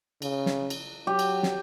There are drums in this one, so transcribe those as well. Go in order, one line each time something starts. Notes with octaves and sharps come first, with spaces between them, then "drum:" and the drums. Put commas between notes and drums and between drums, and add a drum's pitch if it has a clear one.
C#3, drum: cymbal
drum: snare
drum: cymbal
F#3 G4
drum: cymbal
drum: snare